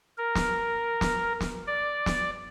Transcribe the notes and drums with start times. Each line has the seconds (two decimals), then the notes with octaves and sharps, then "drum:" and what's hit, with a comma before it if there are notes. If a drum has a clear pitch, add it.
0.18 A#4
0.35 drum: snare
1.01 drum: snare
1.41 drum: snare
1.67 D5
2.06 drum: snare